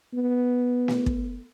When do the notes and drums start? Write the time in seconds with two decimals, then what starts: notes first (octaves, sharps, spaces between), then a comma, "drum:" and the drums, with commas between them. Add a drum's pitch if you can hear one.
0.13 B3
0.88 drum: snare
1.06 drum: kick